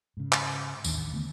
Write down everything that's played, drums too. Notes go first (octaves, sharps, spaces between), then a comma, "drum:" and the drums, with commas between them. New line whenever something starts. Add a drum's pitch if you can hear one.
G#2 C#3
drum: clap
A1 D#2 D#3 D4, drum: tambourine
D3 A3 B3